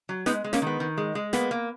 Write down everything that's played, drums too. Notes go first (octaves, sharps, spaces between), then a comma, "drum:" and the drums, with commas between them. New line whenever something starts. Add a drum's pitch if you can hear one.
F#3
G#3 B3 D#4, drum: snare
G#3
A#3 C#4, drum: snare
D#3 B3
D#3
G#3
G#3
A#3 B3, drum: snare
A#3